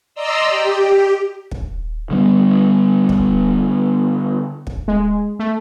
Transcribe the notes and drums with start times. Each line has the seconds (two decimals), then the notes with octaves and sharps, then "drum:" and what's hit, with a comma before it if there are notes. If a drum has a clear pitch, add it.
0.14 D5 D#5 A#5 C6 E6
0.48 G4
1.51 drum: kick
2.11 D3 G3 B3
3.09 drum: kick
4.67 drum: kick
4.88 G#3
5.39 A3